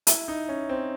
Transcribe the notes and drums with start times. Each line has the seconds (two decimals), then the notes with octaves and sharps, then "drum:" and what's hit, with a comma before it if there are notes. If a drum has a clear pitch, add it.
0.07 E4, drum: hi-hat
0.28 D#4
0.49 C#4
0.69 C4